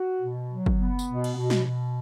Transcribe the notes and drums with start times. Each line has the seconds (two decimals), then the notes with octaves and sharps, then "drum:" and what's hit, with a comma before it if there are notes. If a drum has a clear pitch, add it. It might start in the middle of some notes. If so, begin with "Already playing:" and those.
Already playing: F#4
0.21 B2
0.50 F#3
0.66 drum: kick
0.79 B3
0.99 drum: tambourine
1.08 B2
1.24 drum: cymbal
1.37 B2
1.50 drum: snare
1.66 B2